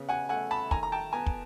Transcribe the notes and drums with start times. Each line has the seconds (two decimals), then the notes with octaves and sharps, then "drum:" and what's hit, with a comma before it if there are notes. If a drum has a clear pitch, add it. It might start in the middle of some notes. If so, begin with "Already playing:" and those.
Already playing: C#3 B3
0.09 F#5 G#5
0.29 A3 F#5 G#5
0.51 A5 B5
0.71 D#3 G#5 A#5, drum: kick
0.83 A#5
0.92 G5 A5
1.13 B3 G#5 A#5
1.26 drum: kick